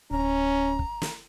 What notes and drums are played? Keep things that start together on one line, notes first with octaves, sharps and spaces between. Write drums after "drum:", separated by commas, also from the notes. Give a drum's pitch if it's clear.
D1 C#4 A#5
drum: kick
drum: snare